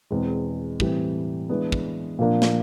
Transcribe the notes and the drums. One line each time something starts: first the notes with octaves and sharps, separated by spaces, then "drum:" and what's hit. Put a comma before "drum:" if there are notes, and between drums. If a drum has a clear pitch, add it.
E2 B2 G#3 C4
A2 E3 G3 C4, drum: kick
E3 G#3 B3 D4
drum: kick
A#2 F3 A#3 D4
drum: snare